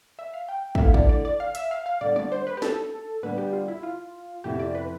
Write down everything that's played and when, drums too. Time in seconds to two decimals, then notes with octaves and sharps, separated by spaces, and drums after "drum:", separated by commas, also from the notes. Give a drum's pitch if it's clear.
0.19 E5
0.34 F5
0.49 G5
0.75 E5, drum: kick
0.79 D3 A3 E4 F5
0.94 D5, drum: kick
1.09 D5
1.25 D5
1.40 F5
1.55 E5, drum: hi-hat
1.71 F5
1.86 F5
2.01 D3 G3 B3 D5
2.16 D5, drum: tom G3
2.32 C5
2.47 B4
2.57 G4
2.62 A4, drum: snare
3.23 D3 G3 B3 D4 B4
3.38 G4
3.53 F4
3.68 E4
3.83 F4
4.44 F2 C3 F3 B3 E4 G4
4.59 D5
4.75 B4